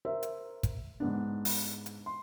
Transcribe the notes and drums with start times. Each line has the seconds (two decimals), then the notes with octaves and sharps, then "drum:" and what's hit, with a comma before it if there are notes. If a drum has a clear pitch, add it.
0.05 A#4 C5 E5
0.23 drum: hi-hat
0.63 drum: kick, hi-hat
1.00 G#2 B3 D4
1.45 drum: open hi-hat
1.86 drum: hi-hat
2.06 C6